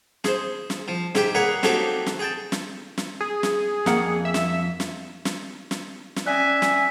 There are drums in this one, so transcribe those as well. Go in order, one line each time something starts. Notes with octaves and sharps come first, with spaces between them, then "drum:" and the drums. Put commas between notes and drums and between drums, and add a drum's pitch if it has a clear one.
G#4 C5, drum: snare
drum: snare
F3
G#2 G4 G5, drum: snare
A#3 G#4 B4 C#5 F5 F#5
F#3 A3 A#3 C4 D#4 G4, drum: snare
drum: snare
G#4 G5 A5
drum: snare
drum: snare
G#4
drum: snare
F2 A#3 F#5, drum: snare
E5
drum: snare
drum: snare
drum: snare
drum: snare
drum: snare
C#4 D5 E5 G#5 F#6
drum: snare